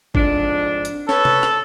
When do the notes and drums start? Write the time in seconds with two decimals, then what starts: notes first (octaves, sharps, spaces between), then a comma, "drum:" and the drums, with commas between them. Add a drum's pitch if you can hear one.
0.15 F2 G#2 D4, drum: kick
0.85 drum: hi-hat
1.09 A4 B4 C#5, drum: snare
1.25 drum: tom C3
1.43 drum: rim click